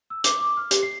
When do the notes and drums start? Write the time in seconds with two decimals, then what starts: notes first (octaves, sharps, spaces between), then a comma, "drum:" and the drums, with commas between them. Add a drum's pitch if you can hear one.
0.10 E6
0.24 D6, drum: hi-hat
0.40 D6
0.57 F6
0.71 G4, drum: hi-hat
0.82 C7